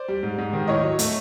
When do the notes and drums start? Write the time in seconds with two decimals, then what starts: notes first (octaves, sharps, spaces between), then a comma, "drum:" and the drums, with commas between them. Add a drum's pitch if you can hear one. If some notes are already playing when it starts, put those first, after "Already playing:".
Already playing: C5 D5
0.08 G3
0.23 G#2
0.38 G#2
0.53 D#3
0.68 A2 C#5 D#5
0.82 F#3
0.99 A3, drum: hi-hat